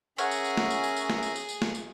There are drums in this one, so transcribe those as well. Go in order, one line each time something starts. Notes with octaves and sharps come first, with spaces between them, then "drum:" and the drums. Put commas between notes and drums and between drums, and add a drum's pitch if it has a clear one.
C#4 G#4 A#4 C#5 E5 F#5 F6, drum: tambourine
drum: tambourine
drum: tambourine
drum: snare
drum: tambourine
drum: tambourine
drum: tambourine
drum: snare
drum: tambourine
drum: tambourine
drum: tambourine
drum: snare
drum: tambourine